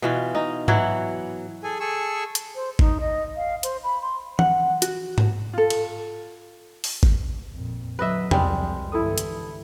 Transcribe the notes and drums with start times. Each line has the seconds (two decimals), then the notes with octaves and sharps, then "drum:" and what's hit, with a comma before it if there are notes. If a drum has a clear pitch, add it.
0.02 B2 E3 F4
0.35 D#4
0.68 E3 F#3 E4 C#5, drum: tom G#2
1.63 G#4 A4 G#5
1.80 G#4 A4 G#5 C#6 E6
2.35 drum: hi-hat
2.55 C5
2.79 D#4, drum: kick G#1
3.00 D#5
3.36 F5
3.63 C5, drum: hi-hat
3.84 B5
4.02 C6
4.39 F#5, drum: tom E3
4.82 F#4, drum: hi-hat
5.18 drum: tom G#2
5.53 F4 A4
5.70 drum: cymbal
6.84 drum: open hi-hat
7.03 drum: kick G#1
7.53 F2 A#2
7.99 D3 F#3 B4 D#5 E5
8.31 C2 F2 G3 G#3, drum: tom
8.92 G1 E3 E4 A4 D#6
9.18 drum: hi-hat